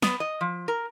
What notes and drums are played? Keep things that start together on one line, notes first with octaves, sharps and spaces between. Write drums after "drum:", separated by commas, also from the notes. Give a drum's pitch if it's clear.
B3, drum: snare
D#5
F3
A#4